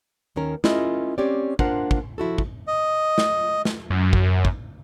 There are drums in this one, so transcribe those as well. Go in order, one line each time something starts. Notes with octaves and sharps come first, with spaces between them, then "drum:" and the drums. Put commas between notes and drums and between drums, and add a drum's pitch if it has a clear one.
D#2 D#3 C#4 A#4
C#4 E4 F4 G#4 A#4 D#5, drum: snare
C4 C#4 G4 C#5 D5
A#3 D4 F4 A#4 C5 F#5, drum: kick
drum: kick
F3 E4 F#4 A4
drum: kick
D#5
drum: snare
drum: snare
F#2
drum: kick
drum: kick